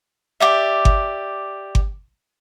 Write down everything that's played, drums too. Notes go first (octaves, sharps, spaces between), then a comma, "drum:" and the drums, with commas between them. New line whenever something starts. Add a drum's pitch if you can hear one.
G4 D5 E5
drum: kick G1
drum: kick G1